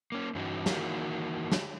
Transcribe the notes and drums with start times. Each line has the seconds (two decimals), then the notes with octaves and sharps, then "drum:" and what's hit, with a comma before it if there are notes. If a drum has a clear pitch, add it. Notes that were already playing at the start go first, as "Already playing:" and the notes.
0.12 A#3 C#4
0.35 G2 E3 C#4 D#4 F#4
0.66 D#3 E3 A#3 F#4, drum: snare
1.52 drum: snare